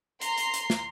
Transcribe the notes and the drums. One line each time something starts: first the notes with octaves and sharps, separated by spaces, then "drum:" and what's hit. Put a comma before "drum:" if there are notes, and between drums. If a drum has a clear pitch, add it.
A#5 C6 C7, drum: hi-hat
drum: hi-hat
drum: hi-hat
drum: snare